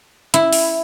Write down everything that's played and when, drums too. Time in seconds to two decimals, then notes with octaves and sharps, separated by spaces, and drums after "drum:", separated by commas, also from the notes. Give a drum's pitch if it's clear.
0.34 E4, drum: hi-hat
0.53 drum: open hi-hat